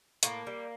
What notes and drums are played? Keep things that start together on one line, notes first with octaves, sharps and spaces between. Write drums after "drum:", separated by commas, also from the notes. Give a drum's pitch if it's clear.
A2 A#3, drum: hi-hat
G3